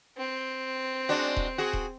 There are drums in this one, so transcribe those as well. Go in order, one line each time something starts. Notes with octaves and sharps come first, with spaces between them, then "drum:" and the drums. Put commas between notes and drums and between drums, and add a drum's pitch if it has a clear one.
C4
G#3 D4 F#4
drum: kick D#1
F#4 G#4
drum: kick D#1